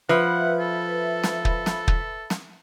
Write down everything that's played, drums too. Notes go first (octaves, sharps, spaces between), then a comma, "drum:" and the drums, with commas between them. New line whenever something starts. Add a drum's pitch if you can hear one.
F3 B4 E5 F#5 B5
A4
drum: snare
drum: kick
drum: snare
drum: kick
drum: snare